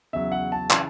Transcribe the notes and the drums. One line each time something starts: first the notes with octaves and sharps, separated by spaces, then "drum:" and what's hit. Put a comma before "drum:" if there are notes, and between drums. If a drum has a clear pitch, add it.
E2 C#3 F#3 E5
F#5
A5
C#3 E3, drum: clap